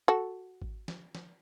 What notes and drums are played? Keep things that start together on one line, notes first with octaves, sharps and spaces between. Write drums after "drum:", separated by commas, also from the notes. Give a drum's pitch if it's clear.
F#4 A4
drum: kick G#1
drum: snare
drum: snare